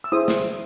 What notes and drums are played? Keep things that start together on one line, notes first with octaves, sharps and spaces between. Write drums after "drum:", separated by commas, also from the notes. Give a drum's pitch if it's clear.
E6
E4 G#4 C5 D#6
drum: snare